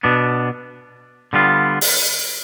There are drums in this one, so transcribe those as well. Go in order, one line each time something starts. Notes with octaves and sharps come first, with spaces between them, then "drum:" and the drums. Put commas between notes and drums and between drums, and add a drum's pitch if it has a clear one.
B2 B3 D4
D3 G3 B3 F4
drum: open hi-hat